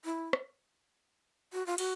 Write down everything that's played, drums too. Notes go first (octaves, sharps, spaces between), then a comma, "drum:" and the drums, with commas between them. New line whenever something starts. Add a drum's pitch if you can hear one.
E4
drum: rim click
F#4
F4
F#4, drum: cymbal